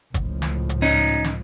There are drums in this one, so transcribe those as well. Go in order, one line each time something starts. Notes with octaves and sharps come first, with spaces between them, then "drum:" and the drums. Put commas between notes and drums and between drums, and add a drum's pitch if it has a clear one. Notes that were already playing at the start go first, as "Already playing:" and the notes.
C#2 A2 F3, drum: kick, hi-hat
drum: snare
drum: hi-hat
C#4 D#4
drum: snare